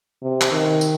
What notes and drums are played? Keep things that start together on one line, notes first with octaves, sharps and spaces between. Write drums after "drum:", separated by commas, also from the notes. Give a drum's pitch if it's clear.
C3
drum: clap
D#3
drum: tambourine